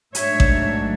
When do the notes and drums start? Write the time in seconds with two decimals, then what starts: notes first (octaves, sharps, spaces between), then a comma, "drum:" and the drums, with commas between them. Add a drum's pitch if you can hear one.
0.15 G#2 F#3 A3 D4 C#5 E5, drum: hi-hat
0.40 drum: kick A1